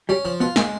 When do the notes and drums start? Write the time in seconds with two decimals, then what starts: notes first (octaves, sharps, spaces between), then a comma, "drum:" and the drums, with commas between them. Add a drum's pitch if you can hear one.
0.09 G3 C#4 G4
0.25 F3
0.40 B2 B3 F4
0.56 A#2 G#3 A#3, drum: snare